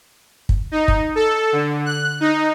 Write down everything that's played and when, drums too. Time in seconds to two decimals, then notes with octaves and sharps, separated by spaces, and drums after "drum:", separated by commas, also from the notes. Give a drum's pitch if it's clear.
0.49 drum: kick
0.72 D#4
0.88 drum: kick
1.15 A4
1.52 D3
1.86 F#6
2.20 D#4